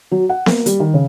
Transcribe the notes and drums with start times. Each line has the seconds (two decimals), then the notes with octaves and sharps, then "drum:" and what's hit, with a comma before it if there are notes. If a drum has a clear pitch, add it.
0.11 F#3
0.29 F#5
0.46 A#3, drum: snare B3
0.66 G3, drum: hi-hat
0.80 D#3
0.94 C#3